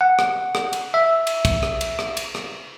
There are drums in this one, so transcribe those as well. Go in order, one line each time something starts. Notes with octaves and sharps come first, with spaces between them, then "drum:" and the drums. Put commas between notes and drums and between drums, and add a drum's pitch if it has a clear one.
F#5
drum: rim click
drum: rim click
drum: cymbal
E5
drum: cymbal
drum: kick, cymbal
drum: rim click
drum: cymbal
drum: rim click
drum: cymbal
drum: rim click